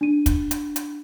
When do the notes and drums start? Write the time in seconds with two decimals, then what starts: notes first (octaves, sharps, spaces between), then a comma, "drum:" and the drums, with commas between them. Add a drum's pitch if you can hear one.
0.01 D4 D#7
0.26 drum: kick, hi-hat
0.51 drum: hi-hat
0.76 drum: hi-hat